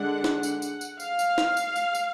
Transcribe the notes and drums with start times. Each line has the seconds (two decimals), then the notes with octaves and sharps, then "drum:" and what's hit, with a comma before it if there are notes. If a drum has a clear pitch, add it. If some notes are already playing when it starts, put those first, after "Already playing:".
Already playing: D3 G#3 D4 F#5
0.24 drum: snare
0.43 drum: tambourine
0.62 drum: tambourine
0.81 drum: tambourine
1.00 F5, drum: tambourine
1.19 drum: tambourine
1.38 drum: snare
1.57 drum: tambourine
1.76 drum: tambourine
1.95 drum: tambourine